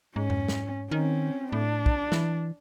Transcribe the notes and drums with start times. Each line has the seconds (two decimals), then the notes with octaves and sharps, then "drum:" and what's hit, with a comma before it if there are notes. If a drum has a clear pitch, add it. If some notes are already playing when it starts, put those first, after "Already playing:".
0.16 G#2 C#4
0.30 drum: tom F2
0.48 drum: snare
0.91 D#3 C4 C#4
1.52 A2 D4
1.86 drum: kick
2.12 E3, drum: snare